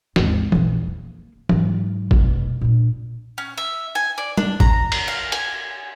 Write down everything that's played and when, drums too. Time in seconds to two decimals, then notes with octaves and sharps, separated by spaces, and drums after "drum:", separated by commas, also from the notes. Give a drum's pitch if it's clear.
0.16 G#1 D#2, drum: snare
0.52 A#1 E2, drum: tom E3
0.87 A#3
1.49 G#2 F#3, drum: tom E3
2.11 F1 B2, drum: kick
2.61 A#2 D4
3.38 C#4
3.58 E5
3.95 G#5
4.18 D5
4.37 D4, drum: tom G3
4.60 A#5, drum: kick
4.92 drum: cymbal
5.08 F5
5.32 G#5, drum: hi-hat